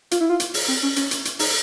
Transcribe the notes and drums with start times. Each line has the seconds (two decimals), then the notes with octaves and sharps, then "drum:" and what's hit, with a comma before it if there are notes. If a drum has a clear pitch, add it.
0.11 F4, drum: hi-hat
0.20 E4
0.29 F4
0.40 drum: hi-hat
0.54 drum: open hi-hat
0.68 C4
0.83 C#4
0.96 C#4, drum: hi-hat
1.11 drum: hi-hat
1.25 drum: hi-hat
1.39 D#4, drum: open hi-hat